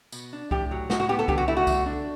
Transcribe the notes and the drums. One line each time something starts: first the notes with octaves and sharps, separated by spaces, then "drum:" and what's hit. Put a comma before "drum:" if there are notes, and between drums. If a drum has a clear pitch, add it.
B2, drum: tambourine
D4
A2 G4, drum: kick C2
F#3
A2 F#4, drum: snare
F#4
B3 G4
A4
D3 G4, drum: kick C2
F#4
A3 E4
F#4
D3, drum: kick C2, tambourine
D4